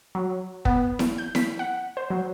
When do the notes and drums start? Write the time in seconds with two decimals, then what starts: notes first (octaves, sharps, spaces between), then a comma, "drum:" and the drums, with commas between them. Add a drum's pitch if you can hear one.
0.15 F#3
0.65 B3, drum: kick
0.99 drum: snare E4
1.18 G6
1.35 B6, drum: snare E4
1.59 F#5
1.97 C5
2.10 F#3